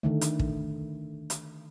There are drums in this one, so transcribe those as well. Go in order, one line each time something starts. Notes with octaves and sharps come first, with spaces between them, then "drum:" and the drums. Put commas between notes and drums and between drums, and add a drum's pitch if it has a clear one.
D3 D#3 A3
drum: hi-hat
drum: kick
drum: hi-hat